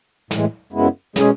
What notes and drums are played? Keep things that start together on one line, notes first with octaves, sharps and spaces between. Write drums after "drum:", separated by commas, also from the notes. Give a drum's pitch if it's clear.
A2 E3 G#3, drum: snare
F#2 C#3 G#3 B3 E4
B2 G#3 C#4 G#4, drum: snare